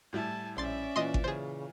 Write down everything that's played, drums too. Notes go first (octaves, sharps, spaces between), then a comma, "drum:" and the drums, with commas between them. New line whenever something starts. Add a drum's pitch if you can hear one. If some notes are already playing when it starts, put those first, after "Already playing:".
A2 G3 E4 G#5 A5
A#1 C#4 D5 E5 C6 A6
A#2 E3 D#5 C6
drum: kick G#1
C#3 G#4 C5